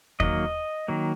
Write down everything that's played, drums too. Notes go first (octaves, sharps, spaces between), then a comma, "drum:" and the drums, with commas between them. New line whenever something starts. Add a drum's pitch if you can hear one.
D#3 F#3 A#3 D#5, drum: kick
D#3 F#3 A#3